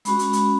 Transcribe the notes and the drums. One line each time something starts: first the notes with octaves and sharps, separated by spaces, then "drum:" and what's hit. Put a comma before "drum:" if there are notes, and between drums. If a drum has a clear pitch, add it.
G#3 C#4 F#4 B5, drum: hi-hat
drum: hi-hat
drum: hi-hat